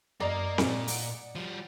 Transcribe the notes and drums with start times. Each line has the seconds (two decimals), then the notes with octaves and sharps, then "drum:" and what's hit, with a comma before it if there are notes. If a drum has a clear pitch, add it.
0.20 F#2 A#3 A#4 D5 D#5 A#5
0.58 G2 A#2 C#4, drum: snare C4
0.88 F#5, drum: open hi-hat
1.35 F3 G3